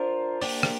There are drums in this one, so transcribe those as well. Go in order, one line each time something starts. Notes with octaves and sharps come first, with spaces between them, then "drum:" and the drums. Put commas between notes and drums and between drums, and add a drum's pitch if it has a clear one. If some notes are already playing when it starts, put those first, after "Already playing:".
Already playing: D4 F4 A#4 C5
A#3 D4 G4 D5, drum: open hi-hat
drum: rim click